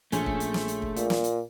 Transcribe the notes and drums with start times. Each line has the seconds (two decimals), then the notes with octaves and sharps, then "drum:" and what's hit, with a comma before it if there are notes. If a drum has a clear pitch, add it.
0.12 A#1 A3 C#4 G#4 C5, drum: hi-hat
0.26 drum: kick
0.40 drum: hi-hat
0.54 drum: snare
0.68 drum: hi-hat
0.82 drum: kick
0.96 A#2, drum: hi-hat
1.10 drum: snare
1.24 drum: hi-hat